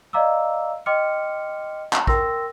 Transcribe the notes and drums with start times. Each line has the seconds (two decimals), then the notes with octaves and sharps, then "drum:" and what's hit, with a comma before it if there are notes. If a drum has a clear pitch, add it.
0.13 D5 D#5 F5 A#5 D6 E6
0.86 D#5 G5 C6 D6 F6 C#7
1.93 drum: clap
2.07 A#4 G5 C6 E6 A#6, drum: kick A#1